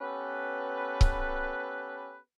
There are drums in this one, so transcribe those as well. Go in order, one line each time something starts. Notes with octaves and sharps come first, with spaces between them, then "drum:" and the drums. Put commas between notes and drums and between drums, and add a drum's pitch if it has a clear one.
B3 C#4 G4 A4 B4
drum: kick C#1